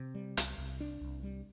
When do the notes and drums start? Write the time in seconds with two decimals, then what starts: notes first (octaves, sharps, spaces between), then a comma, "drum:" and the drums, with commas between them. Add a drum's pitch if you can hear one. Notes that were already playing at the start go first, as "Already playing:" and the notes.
Already playing: C3
0.15 G3
0.37 C2, drum: hi-hat
0.58 C2
0.80 D4
1.01 C2
1.23 G3